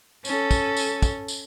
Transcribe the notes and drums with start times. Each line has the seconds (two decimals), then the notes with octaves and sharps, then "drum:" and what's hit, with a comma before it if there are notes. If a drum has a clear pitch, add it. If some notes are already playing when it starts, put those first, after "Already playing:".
0.25 C#4 A4, drum: tambourine
0.51 drum: kick, tambourine
0.77 drum: tambourine
1.02 drum: kick, tambourine
1.28 drum: tambourine